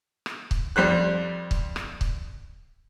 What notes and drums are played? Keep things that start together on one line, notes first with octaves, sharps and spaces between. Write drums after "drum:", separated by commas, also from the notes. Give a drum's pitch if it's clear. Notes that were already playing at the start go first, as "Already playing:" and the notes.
drum: rim click
drum: kick
F2 G3 C5 F#6
drum: kick
drum: rim click
drum: kick